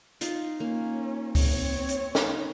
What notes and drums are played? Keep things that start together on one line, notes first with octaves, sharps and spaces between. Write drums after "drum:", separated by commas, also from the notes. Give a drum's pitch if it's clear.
D#4 F4, drum: hi-hat
A#3 C#4
C4 C#5, drum: kick C#2, open hi-hat
drum: hi-hat
D#4, drum: snare